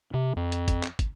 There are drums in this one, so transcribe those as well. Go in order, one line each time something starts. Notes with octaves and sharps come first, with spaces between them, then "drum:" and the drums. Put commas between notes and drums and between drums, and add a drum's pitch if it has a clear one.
C3
F2
drum: hi-hat
drum: kick, hi-hat
drum: clap
drum: kick, hi-hat